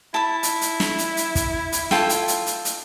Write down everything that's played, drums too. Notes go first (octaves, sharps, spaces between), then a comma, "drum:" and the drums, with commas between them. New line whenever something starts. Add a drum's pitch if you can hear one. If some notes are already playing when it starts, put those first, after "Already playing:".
E4 A5 B5
drum: hi-hat
drum: hi-hat
drum: snare
drum: hi-hat
drum: hi-hat
drum: kick, hi-hat
drum: hi-hat
F4 A4 G5, drum: snare
drum: hi-hat
drum: hi-hat
drum: hi-hat
drum: hi-hat